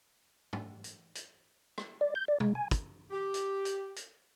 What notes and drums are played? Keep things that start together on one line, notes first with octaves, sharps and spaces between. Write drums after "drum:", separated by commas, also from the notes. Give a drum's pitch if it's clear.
drum: tom
drum: hi-hat
drum: hi-hat
drum: rim click
D5
G6
D5
G#3, drum: tom B2
G#5
drum: kick, hi-hat
G4
drum: hi-hat
drum: hi-hat
drum: hi-hat